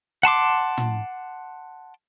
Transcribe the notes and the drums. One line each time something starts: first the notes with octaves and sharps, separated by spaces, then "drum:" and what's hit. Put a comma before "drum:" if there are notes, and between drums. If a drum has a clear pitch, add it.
F#5 A5 C6 D6
drum: tom